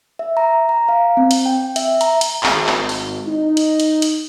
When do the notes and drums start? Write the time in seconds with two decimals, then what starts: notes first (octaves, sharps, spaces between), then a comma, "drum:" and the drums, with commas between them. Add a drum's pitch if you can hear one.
0.19 E5
0.37 A#5
0.69 A#5
0.89 F5
1.17 C4
1.31 drum: hi-hat
1.46 G5
1.76 E5, drum: hi-hat
2.01 A#5, drum: hi-hat
2.21 drum: hi-hat
2.43 G#1, drum: clap
2.66 drum: clap
2.89 drum: open hi-hat
3.26 D#4
3.57 drum: hi-hat
3.80 drum: hi-hat
4.02 drum: hi-hat